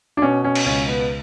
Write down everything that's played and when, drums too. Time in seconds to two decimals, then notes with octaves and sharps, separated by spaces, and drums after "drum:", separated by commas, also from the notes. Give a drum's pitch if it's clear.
0.17 D4
0.22 B2 C#4
0.44 C#4
0.55 drum: cymbal
0.66 C#2 C#4
0.88 B3